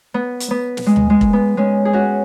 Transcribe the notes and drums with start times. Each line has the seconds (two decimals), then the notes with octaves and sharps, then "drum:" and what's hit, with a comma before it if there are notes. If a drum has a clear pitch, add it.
0.14 B3
0.40 drum: hi-hat
0.51 B3
0.77 drum: snare
0.86 G#3
0.96 drum: tom D2
1.10 G#3
1.21 drum: kick
1.33 B3
1.57 G#3 C#4
1.85 G#4
1.93 C#4 F#4